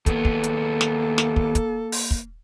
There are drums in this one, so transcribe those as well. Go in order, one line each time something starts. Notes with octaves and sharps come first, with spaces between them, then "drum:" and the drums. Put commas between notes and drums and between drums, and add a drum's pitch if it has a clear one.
D#2 A#3 B3 A4, drum: kick, hi-hat
drum: kick
drum: hi-hat
drum: snare
drum: snare
drum: kick
drum: kick, hi-hat
drum: open hi-hat
drum: kick